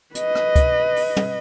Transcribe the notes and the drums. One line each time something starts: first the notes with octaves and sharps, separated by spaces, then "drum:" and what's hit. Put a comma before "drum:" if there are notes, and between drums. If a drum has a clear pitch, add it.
B4 D#5, drum: hi-hat
drum: rim click
drum: kick C#2, hi-hat
drum: open hi-hat
drum: tom